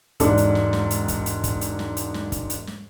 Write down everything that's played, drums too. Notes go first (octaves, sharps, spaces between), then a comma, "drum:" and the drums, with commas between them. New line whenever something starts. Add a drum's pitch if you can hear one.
E1 G#2 D4 A4, drum: kick, hi-hat
drum: hi-hat
drum: snare
drum: snare
drum: hi-hat
drum: kick, hi-hat
drum: hi-hat
drum: kick, hi-hat
drum: hi-hat
drum: snare
drum: hi-hat
drum: snare
drum: kick, hi-hat
drum: hi-hat
drum: snare